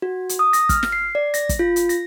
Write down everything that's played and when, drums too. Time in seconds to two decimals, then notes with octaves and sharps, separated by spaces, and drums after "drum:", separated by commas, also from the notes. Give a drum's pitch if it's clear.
0.02 F#4
0.29 drum: hi-hat
0.39 D#6
0.53 A#6, drum: hi-hat
0.69 F6, drum: kick, hi-hat
0.83 drum: snare
0.92 C7
1.15 D5
1.34 A#6, drum: hi-hat
1.49 drum: kick, hi-hat
1.59 F4
1.76 drum: hi-hat
1.89 A#6, drum: hi-hat